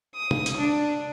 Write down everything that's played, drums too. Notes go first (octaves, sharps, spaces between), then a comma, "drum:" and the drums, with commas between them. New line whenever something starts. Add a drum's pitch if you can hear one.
D#6
drum: tom
drum: hi-hat
D4